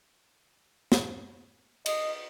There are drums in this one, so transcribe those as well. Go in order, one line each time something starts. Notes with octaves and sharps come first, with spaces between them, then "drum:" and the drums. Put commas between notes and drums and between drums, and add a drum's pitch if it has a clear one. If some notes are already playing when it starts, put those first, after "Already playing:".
drum: snare
D#5, drum: cymbal